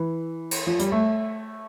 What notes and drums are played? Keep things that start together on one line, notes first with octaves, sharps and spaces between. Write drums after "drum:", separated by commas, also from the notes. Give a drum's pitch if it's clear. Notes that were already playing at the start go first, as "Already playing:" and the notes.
Already playing: E3
drum: cymbal
F3
G3, drum: hi-hat
A3